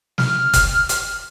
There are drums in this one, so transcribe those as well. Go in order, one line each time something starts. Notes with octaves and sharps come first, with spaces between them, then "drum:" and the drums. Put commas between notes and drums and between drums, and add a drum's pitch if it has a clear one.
F6, drum: snare
drum: kick F#1, hi-hat
drum: hi-hat